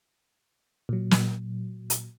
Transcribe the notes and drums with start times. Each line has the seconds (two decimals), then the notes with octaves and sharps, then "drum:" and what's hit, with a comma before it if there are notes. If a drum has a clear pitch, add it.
0.89 A#2 F#3
1.11 drum: snare
1.90 drum: hi-hat